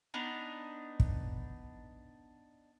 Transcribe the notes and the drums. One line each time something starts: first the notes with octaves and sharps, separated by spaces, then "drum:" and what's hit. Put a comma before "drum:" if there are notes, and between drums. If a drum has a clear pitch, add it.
B3 D4 D#4
drum: kick